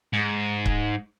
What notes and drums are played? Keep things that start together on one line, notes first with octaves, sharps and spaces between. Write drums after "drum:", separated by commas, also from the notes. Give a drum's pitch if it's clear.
G#2
drum: kick C#1